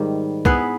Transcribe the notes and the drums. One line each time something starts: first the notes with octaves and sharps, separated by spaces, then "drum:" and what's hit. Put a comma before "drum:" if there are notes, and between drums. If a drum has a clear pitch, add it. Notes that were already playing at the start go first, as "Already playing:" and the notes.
Already playing: G#2 D#3 G3
B3 E4 G#4 B4, drum: kick C2